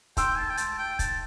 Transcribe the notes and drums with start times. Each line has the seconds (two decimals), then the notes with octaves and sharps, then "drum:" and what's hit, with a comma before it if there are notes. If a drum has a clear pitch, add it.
0.17 G5 C6 E6, drum: kick, hi-hat
0.38 A5
0.50 G5
0.57 A5, drum: hi-hat
0.78 G5
0.99 A5, drum: kick, hi-hat